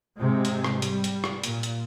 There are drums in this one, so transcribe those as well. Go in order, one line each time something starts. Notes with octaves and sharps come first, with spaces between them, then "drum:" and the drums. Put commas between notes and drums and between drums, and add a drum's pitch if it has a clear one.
G#2 C3 G#3
drum: hi-hat
drum: rim click
G3, drum: hi-hat
drum: hi-hat
drum: rim click
A#2, drum: hi-hat
drum: hi-hat